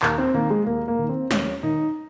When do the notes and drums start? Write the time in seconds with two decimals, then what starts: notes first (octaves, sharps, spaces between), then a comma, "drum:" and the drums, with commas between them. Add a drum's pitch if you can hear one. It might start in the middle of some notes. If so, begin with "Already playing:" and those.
0.02 D#2 A#3, drum: clap
0.18 C4
0.34 D#3 A#3
0.50 G#3
0.66 D#2 A#3
0.88 A#3
0.99 D#3
1.09 C4
1.31 D#2 C#4, drum: snare
1.63 D#3 D#4